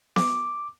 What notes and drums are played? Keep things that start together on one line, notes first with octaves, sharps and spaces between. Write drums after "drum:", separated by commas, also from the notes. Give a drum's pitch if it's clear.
D6, drum: snare B3